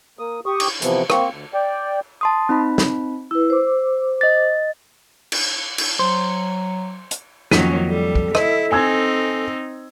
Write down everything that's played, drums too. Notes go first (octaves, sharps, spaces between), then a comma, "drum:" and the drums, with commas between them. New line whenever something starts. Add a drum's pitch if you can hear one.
A#3 D#6
G4 C#6 D#6
drum: cymbal
C3 E3 F3 B3, drum: hi-hat
A#3 C4 C#6, drum: rim click
D2
D5 G5
A5 C6 D#6
C4 D#4 B5
drum: snare
E4 B4 E6
C5 D6
D#5 A6
drum: cymbal
drum: cymbal
F#3 C5
drum: hi-hat
F2 D#3 F#3 A#3 C#4 B6 D#7, drum: snare
G3 A4
drum: kick
E4 D#5, drum: rim click
C4 D#4 G#5 E6 G#6